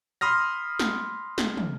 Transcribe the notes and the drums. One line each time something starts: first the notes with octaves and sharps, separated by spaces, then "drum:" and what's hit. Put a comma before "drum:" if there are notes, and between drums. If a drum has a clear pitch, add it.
B5 C6 D#6 F6 A#6
drum: snare
drum: snare
drum: tom